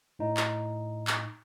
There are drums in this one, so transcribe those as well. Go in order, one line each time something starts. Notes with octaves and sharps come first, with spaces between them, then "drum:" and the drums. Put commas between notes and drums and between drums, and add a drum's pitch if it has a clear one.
A2 D#4
drum: clap
drum: clap